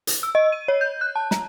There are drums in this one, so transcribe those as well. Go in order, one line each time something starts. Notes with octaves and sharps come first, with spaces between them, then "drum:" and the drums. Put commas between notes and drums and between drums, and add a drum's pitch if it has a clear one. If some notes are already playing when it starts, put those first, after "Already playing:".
drum: hi-hat
E6
D#5
D#7
C#5
G6
F#6
A5
A#5, drum: snare